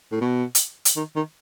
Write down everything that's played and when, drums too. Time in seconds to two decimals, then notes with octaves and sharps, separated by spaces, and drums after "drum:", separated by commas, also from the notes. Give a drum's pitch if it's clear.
0.12 A2
0.21 B2
0.55 drum: hi-hat
0.85 drum: hi-hat
0.96 D#3
1.16 D#3